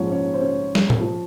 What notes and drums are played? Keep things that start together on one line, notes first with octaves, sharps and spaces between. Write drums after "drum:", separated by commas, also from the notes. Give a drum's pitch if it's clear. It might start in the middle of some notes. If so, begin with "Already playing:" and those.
Already playing: A#1 G#2 F3 C#4 C#5
C#4 C#5
C5
C#4 C#5
drum: snare
drum: tom A2
F3